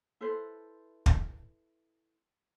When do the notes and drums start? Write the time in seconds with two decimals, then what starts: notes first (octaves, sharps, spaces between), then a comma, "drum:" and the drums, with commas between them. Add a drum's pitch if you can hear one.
0.21 E4 A4 B4 C5
1.06 drum: kick